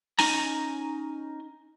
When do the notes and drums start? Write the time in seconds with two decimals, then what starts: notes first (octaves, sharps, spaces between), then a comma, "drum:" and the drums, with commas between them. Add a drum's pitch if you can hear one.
0.19 C#4 D#4 G#5 A#5, drum: open hi-hat